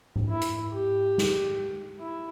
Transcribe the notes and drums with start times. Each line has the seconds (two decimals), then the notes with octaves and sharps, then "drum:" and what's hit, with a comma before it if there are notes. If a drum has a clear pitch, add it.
0.16 drum: tom G#2
0.29 E4
0.41 drum: hi-hat
0.72 G4
1.18 drum: snare
1.99 E4